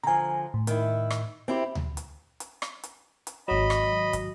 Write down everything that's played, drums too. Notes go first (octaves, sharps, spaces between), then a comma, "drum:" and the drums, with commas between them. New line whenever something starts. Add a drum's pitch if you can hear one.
D3 F3 G#5 A#5
A2
D#3 E4, drum: hi-hat
drum: rim click
C4 E4 G4
drum: tom D2
drum: hi-hat
drum: hi-hat
drum: rim click
drum: hi-hat
drum: hi-hat
G#1 F#3 D#5 B5
drum: rim click
drum: kick, hi-hat